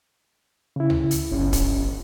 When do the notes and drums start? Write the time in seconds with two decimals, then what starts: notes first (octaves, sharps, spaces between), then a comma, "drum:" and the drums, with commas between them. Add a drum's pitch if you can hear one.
0.76 C#3 E4
0.90 drum: tom C#2
1.11 drum: hi-hat
1.32 G1 C#4
1.53 drum: kick, hi-hat